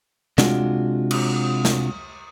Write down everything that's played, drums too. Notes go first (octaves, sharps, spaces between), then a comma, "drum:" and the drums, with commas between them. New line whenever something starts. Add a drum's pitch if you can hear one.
C3 G#3 D4 F4 F#4, drum: snare
drum: cymbal
drum: snare